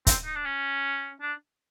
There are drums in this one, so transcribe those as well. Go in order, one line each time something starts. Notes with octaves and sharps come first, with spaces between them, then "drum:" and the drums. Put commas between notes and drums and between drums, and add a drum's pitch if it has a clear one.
C4, drum: kick, hi-hat
D#4
D4
C#4
D4